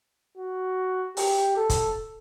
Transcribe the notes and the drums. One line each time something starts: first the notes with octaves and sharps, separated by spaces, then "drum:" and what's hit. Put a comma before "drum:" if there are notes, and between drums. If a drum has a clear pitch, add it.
F#4
G4, drum: open hi-hat
A4
drum: kick, hi-hat